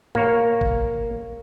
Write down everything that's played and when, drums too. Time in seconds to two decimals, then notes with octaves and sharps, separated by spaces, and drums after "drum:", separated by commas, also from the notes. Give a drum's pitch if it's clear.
0.15 A#3 C#5, drum: tom G#2
0.61 drum: kick